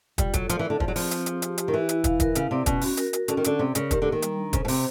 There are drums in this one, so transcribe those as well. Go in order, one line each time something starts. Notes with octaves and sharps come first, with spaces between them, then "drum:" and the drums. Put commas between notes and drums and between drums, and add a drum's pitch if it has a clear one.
G3 F4, drum: kick, hi-hat
F#3 A4, drum: kick, hi-hat
F3 D5, drum: hi-hat
E3
D5
D3
F3 G#4, drum: kick
F#3
F3 C4, drum: open hi-hat
C4, drum: hi-hat
G#4, drum: hi-hat
G4, drum: hi-hat
G4, drum: hi-hat
D#3
E3 E4
E4, drum: hi-hat
F5, drum: kick, hi-hat
A#4, drum: kick, hi-hat
C#3 F5, drum: hi-hat
C3 D5
B2 C#4, drum: kick, hi-hat
F#4, drum: open hi-hat
A#4, drum: hi-hat
F#4, drum: hi-hat
D3 C#4, drum: hi-hat
D#3
D3 D5, drum: hi-hat
C3 D5
C#3 A#4, drum: hi-hat
D#3 G4, drum: kick, hi-hat
D3 A#3
D#3
G3, drum: hi-hat
D4
C#3 C5, drum: kick, hi-hat
B2
C3 C5, drum: open hi-hat